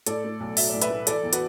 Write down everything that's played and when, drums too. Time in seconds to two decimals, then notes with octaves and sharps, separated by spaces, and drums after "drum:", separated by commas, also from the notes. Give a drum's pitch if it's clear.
0.06 A2 A4 D5, drum: hi-hat
0.24 A3
0.40 B1
0.57 F#3 E5, drum: open hi-hat
0.69 A2 D5
0.82 B4 E5, drum: hi-hat
0.90 A3
1.07 E3 A4 D5, drum: hi-hat
1.23 E2
1.33 F#4 B4, drum: hi-hat